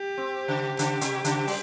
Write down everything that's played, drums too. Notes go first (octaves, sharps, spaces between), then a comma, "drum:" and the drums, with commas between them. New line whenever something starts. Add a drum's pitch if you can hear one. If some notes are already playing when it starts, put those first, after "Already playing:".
Already playing: G4
C4
C#3
C#3, drum: hi-hat
C3, drum: hi-hat
C#3, drum: hi-hat
G3, drum: open hi-hat